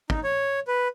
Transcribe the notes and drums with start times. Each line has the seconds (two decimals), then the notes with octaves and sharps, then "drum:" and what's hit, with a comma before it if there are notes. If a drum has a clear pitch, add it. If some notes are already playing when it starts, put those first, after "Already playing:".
0.10 D#4, drum: kick
0.24 C#5
0.67 B4